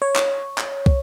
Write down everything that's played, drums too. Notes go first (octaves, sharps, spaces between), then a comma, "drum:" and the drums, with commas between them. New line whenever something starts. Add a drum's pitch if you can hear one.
C#5
drum: clap
drum: clap
drum: kick